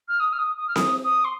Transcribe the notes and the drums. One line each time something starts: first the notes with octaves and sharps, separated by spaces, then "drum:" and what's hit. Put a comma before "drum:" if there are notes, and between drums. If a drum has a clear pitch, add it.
F6
D#6
F6
D#6
D#6
F6
D#6, drum: snare C4
D#6
C6